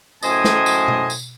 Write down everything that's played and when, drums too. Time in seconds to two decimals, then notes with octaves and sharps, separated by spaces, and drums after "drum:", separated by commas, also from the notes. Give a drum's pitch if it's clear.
0.23 F#2 A2 C5 D#5 G#5, drum: tambourine
0.44 drum: snare
0.66 drum: tambourine
0.88 drum: tom B2
1.10 drum: tambourine